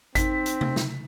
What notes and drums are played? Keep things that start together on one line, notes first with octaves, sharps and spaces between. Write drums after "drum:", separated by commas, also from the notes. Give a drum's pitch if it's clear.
C4 D#4 B6, drum: kick G#1, hi-hat
drum: hi-hat
drum: tom C3
drum: snare